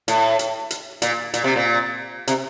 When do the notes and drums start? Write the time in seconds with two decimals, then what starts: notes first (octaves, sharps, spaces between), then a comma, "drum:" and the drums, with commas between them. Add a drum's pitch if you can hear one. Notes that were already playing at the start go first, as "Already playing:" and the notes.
0.08 A2, drum: hi-hat
0.39 drum: hi-hat
0.70 drum: hi-hat
1.02 A#2, drum: hi-hat
1.34 A#2, drum: hi-hat
1.44 C3
1.56 A#2
2.27 C3, drum: hi-hat